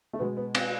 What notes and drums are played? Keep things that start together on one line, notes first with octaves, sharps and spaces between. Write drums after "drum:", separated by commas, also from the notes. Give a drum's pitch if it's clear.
A3
B2 G#3 B3
B3
C4, drum: cymbal